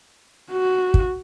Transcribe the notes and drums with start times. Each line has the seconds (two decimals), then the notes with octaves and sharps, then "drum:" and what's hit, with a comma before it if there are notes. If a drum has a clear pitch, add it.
0.52 F#4
0.94 drum: kick